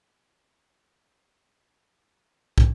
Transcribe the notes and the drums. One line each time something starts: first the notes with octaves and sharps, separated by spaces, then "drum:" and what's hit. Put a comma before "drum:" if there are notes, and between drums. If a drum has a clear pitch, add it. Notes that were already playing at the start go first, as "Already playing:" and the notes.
Already playing: F#4
B3
B4
B3
C#4 B4
E5
drum: kick